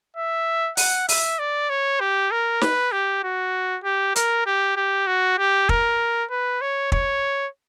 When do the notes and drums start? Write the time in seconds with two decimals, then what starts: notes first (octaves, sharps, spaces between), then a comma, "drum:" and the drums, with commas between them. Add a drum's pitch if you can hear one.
0.16 E5
0.77 F#5, drum: open hi-hat
1.09 E5, drum: open hi-hat
1.39 D5
1.69 C#5
2.00 G4
2.31 A#4
2.61 B4, drum: snare
2.92 G4
3.23 F#4
3.84 G4
4.16 A#4, drum: hi-hat
4.46 G4
4.76 G4
5.07 F#4
5.38 G4
5.69 A#4, drum: kick
6.30 B4
6.61 C#5
6.92 C#5, drum: kick